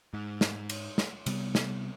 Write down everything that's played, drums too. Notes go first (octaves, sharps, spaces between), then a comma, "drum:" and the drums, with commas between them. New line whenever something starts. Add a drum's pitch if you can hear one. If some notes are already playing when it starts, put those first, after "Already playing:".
G#2
drum: snare
drum: cymbal
drum: snare
C3 G3 B3, drum: cymbal
drum: snare